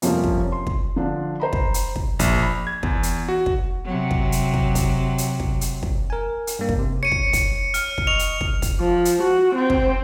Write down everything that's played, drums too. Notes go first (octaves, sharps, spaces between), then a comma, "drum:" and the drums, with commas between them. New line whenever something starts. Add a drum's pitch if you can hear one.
F2 C3 F3 G3 A#3 C#4, drum: hi-hat
drum: kick
C6
drum: kick
D3 F3 D4
C5 A#5 B5
drum: kick
drum: hi-hat
drum: kick
A#1, drum: kick, hi-hat
B5
G#6
E2, drum: kick
drum: hi-hat
F#4
drum: kick
C3 F#3
drum: kick
drum: hi-hat
drum: kick
drum: kick, hi-hat
drum: hi-hat
drum: kick
drum: hi-hat
drum: kick
A#4 G#5
drum: hi-hat
G2 A#3
drum: kick
C3
C#5 C#7 D#7
drum: kick
drum: kick, hi-hat
F6, drum: hi-hat
drum: kick
D#5 C#6 F7
drum: hi-hat
drum: kick
drum: kick, hi-hat
F3
drum: hi-hat
F#4
C4
drum: kick